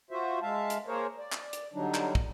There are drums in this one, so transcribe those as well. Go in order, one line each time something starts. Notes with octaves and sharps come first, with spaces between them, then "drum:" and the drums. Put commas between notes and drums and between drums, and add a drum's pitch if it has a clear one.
F4 F#4 C5 E5
G#3 E5 F5 A5
drum: hi-hat
A#3 G#4 A#4 C5 C#5
D5
drum: clap
drum: hi-hat
D3 F#3 G3 D4 D#4
drum: clap
drum: kick